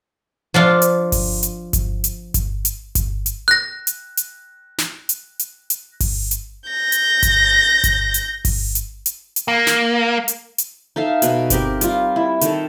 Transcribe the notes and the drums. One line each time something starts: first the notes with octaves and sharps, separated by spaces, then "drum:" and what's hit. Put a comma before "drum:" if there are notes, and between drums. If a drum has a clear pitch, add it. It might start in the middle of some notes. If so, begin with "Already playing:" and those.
F3 D4 F4
drum: hi-hat
drum: kick G1, open hi-hat
drum: hi-hat
drum: kick G1, hi-hat
drum: hi-hat
drum: kick G1, hi-hat
drum: hi-hat
drum: kick G1, hi-hat
drum: hi-hat
F#6 A#6
drum: hi-hat
drum: hi-hat
drum: snare
drum: hi-hat
drum: hi-hat
drum: hi-hat
drum: kick G1, open hi-hat
drum: hi-hat
G6 A#6
drum: hi-hat
drum: kick G1, hi-hat
drum: kick G1, hi-hat
drum: hi-hat
drum: kick G1, open hi-hat
drum: hi-hat
drum: hi-hat
drum: hi-hat
A#3
drum: snare
drum: hi-hat
drum: hi-hat
D#4 A4 E5 F5
B2 B4, drum: hi-hat
C4 G4 A#4, drum: kick G1, hi-hat
G3 F4, drum: hi-hat
E4
D#3 A4, drum: hi-hat